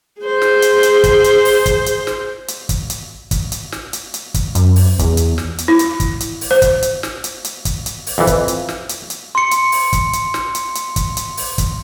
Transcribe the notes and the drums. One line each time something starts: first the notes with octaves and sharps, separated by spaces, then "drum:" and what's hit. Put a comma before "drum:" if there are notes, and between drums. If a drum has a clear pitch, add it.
G#4 C5
drum: snare
drum: hi-hat
drum: hi-hat
drum: kick, hi-hat
drum: hi-hat
drum: open hi-hat
drum: kick, hi-hat
drum: hi-hat
drum: snare
drum: hi-hat
drum: kick, hi-hat
drum: hi-hat
drum: kick, hi-hat
drum: hi-hat
drum: snare
drum: hi-hat
drum: hi-hat
drum: kick, hi-hat
F#2, drum: hi-hat
drum: open hi-hat
E2, drum: kick, hi-hat
drum: hi-hat
drum: snare
drum: hi-hat
E4
drum: hi-hat
drum: kick, hi-hat
drum: hi-hat
drum: open hi-hat
C5
drum: kick, hi-hat
drum: hi-hat
drum: snare
drum: hi-hat
drum: hi-hat
drum: kick, hi-hat
drum: hi-hat
drum: open hi-hat
F2 E3
drum: kick, hi-hat
drum: hi-hat
drum: snare
drum: hi-hat
drum: hi-hat
C6 C#7
drum: hi-hat
drum: open hi-hat
drum: kick, hi-hat
drum: hi-hat
drum: snare
drum: hi-hat
drum: hi-hat
drum: kick, hi-hat
drum: hi-hat
drum: open hi-hat
drum: kick, hi-hat